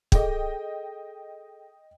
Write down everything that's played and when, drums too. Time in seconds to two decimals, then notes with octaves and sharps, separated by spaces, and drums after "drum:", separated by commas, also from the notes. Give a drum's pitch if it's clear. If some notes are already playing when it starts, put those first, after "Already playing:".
0.12 G#4 A4 D#5 G5, drum: kick